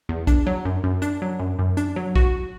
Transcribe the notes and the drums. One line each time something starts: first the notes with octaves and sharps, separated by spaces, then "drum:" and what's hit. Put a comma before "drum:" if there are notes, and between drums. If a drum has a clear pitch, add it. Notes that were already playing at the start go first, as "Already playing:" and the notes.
E2
D4, drum: kick B1, hi-hat
F#3
F#2
F#2
D4, drum: hi-hat
F#3
F#2
F#2
D4, drum: hi-hat
F#3
F#4, drum: kick B1